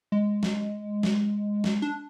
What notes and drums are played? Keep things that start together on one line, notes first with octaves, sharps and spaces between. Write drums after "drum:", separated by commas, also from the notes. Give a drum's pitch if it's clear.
G#3
drum: snare
drum: snare
drum: snare
D4